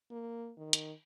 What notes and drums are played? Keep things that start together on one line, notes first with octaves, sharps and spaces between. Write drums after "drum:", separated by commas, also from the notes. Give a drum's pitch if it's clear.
A#3
D#3
drum: hi-hat